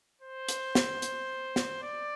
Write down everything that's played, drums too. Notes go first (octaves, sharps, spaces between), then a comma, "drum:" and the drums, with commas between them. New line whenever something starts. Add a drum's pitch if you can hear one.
C5
drum: hi-hat
drum: snare
drum: hi-hat
drum: snare
D5